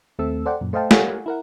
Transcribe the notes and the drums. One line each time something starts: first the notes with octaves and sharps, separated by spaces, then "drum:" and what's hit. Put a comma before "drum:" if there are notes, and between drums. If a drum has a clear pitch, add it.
D#2 A3 C4 A4 E6
A4 C5 D5 F#5 G5
F#2 A#2
A3 C5 D#5 F5 G5 A5
G4 A#4 C#5 F5 F#5 G#5, drum: snare
E4 A#4 F#5